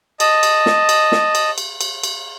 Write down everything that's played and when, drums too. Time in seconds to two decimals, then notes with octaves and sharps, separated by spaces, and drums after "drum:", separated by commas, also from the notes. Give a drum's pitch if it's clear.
0.20 D#5 A5, drum: cymbal
0.43 drum: cymbal
0.66 drum: snare
0.89 drum: cymbal
1.12 drum: snare
1.35 drum: cymbal
1.58 drum: cymbal
1.81 drum: cymbal
2.04 drum: cymbal